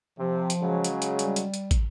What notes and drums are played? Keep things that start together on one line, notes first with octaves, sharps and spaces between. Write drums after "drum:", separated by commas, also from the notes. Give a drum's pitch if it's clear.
C3 F3
drum: hi-hat
C#3 F#3 G#3
drum: hi-hat
drum: hi-hat
G3, drum: hi-hat
drum: hi-hat
drum: hi-hat
drum: kick, hi-hat